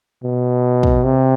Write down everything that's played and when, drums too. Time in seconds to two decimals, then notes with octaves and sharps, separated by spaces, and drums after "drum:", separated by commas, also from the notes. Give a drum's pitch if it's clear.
0.23 B2
0.83 drum: kick
1.04 C3